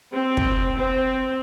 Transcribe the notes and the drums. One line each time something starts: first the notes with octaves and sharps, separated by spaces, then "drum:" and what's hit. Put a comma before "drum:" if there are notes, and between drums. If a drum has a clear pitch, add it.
C4
drum: kick
C4